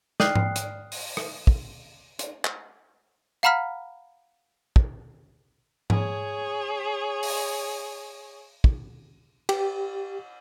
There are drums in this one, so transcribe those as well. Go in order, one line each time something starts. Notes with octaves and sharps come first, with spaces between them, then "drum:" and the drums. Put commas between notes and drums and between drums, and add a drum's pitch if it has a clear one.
D5 G5 D#6 F6 F#6 C7, drum: snare
drum: tom G#2
drum: hi-hat
drum: open hi-hat
drum: rim click
drum: kick
drum: hi-hat
drum: clap
F5 F#5 A#5 B5 F6 B6
drum: kick
G#4 C#5, drum: tom G#2
drum: open hi-hat
drum: kick
G4, drum: cymbal